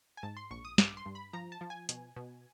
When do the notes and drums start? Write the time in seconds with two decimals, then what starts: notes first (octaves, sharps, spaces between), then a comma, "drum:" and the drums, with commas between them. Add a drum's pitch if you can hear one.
0.17 G#5
0.23 G#2 A5
0.37 C6
0.51 A#1 C#6
0.65 D#6
0.78 G2 D6, drum: snare
0.97 C6
1.06 G2
1.15 B5
1.33 F3 A#5
1.52 A5
1.61 F3
1.70 G#5
1.89 B2, drum: hi-hat
2.16 B2